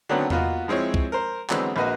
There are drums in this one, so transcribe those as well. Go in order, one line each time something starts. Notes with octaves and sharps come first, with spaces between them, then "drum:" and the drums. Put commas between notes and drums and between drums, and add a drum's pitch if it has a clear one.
D3 D#3 F#3 A3 B3 C4
A#3 B3 F4 F#4 B4 D#5, drum: tom E2
F3 G#3 C4 E4 C#5
drum: kick C#2
A#4 C5
D3 E3 F#3 G#3 B3 C4, drum: clap
A#1 A#3 F#4 B4 D#5